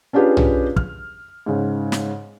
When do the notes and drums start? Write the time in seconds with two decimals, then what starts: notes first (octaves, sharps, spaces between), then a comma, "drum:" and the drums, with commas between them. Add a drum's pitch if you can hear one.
0.13 C#4 D4 F4 G4 G#4 B4
0.37 drum: tom B1
0.76 F6, drum: kick
1.46 G#2 C#3
1.92 drum: snare